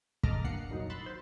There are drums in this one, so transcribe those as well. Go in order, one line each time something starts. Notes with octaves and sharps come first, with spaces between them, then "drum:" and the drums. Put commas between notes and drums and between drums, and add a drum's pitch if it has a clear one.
D#5 A5 A#5 D6 F6, drum: kick
C2 G2 A#3 F#5 C7 C#7
F2 A#2 D#3 F#3 D#4
B5 C6 E6 F#6 A6
C5